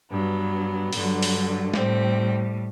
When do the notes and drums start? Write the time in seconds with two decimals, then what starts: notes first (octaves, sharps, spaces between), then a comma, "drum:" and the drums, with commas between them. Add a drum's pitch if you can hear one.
0.11 G2 F#3 B3
0.93 G2 D3 F#3, drum: open hi-hat
1.23 drum: open hi-hat
1.74 A2 G3 C4, drum: snare